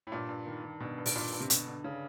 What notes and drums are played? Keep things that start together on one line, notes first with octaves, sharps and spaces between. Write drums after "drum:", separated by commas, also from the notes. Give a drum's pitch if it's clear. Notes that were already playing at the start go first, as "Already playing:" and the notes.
A2
G2 A#2
G2
D#3
D#3
G2 B2
G2
B2, drum: open hi-hat
G2 A#2
G2
C3
B2 D3, drum: hi-hat
D3
C#3